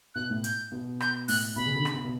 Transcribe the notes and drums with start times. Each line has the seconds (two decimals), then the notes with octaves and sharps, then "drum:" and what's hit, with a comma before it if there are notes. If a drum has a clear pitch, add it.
0.15 B2 F#6
0.30 A2
0.44 G6, drum: hi-hat
0.72 B2
1.00 G6, drum: rim click
1.28 A2 F#6, drum: open hi-hat
1.56 B2 B5
1.66 C#3
1.76 D3
1.85 C#3, drum: rim click
1.94 B2
2.04 B2